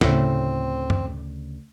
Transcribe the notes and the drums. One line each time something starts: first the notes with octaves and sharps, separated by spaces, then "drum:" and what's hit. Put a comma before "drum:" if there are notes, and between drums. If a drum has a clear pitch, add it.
D2 A2 C#3 C4, drum: snare
drum: tom F#2